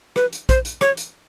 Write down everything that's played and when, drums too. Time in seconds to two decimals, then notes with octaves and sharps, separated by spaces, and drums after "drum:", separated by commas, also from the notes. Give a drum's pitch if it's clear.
0.16 B4, drum: rim click
0.33 drum: hi-hat
0.49 C5, drum: kick, hi-hat
0.65 drum: hi-hat
0.81 C#5, drum: rim click
0.97 drum: hi-hat